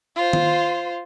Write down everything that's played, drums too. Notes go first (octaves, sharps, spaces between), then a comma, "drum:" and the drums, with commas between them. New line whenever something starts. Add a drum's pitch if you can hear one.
F4 C5
drum: tom D#3